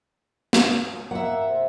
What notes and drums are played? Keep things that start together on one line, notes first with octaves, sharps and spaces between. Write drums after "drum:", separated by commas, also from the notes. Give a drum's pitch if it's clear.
drum: snare
A#3 E5 F#5
C3